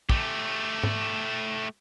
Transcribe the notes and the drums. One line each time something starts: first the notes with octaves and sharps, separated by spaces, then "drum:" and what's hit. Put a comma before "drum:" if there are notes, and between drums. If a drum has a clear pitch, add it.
A3 G4, drum: kick
drum: tom G#2